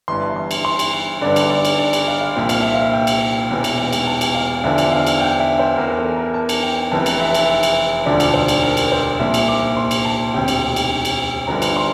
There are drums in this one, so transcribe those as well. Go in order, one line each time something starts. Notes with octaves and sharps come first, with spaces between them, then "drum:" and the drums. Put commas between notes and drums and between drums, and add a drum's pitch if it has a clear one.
G1 G2 E3 C6
C6
drum: cymbal
C6
drum: cymbal
G1 G2 D3 D5
drum: cymbal
D5
drum: cymbal
D5
drum: cymbal
F5
F5
C2 A#2 F3 G5
F5, drum: cymbal
E5
F5
G5
drum: cymbal
E1 E2 E3
drum: cymbal
drum: cymbal
A5
drum: cymbal
F5
E2 D3 F3 E5
drum: cymbal
F5
drum: cymbal
G5
E5
C5
E2 E3 A#4
A4
A#4
A5
drum: cymbal
G5
F1 F2 C3 E3 A5
drum: cymbal
E5
drum: cymbal
drum: cymbal
E1 D2 D3 F3 D5
drum: cymbal
C5
drum: cymbal
A#4
drum: cymbal
C5
C2 A#2 F3 E5
drum: cymbal
D6
C6
drum: cymbal
A5
E1 D2 C3 G5
drum: cymbal
drum: cymbal
drum: cymbal
G1 G2 D3 F3 A#5
drum: cymbal
C6